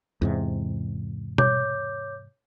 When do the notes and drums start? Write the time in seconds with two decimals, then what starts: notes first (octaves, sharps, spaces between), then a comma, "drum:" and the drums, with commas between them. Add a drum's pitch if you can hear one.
0.22 E2 G#2 C3
1.38 C#5 D6 G6, drum: tom B2